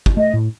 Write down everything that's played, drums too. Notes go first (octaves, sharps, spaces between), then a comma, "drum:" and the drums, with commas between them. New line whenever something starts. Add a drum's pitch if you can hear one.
drum: kick
A3 D#5
A2